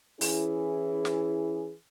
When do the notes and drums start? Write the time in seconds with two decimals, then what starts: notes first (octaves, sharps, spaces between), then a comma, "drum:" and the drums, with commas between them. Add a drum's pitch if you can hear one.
0.21 E3 C#4 E4 G#4, drum: open hi-hat
1.05 drum: snare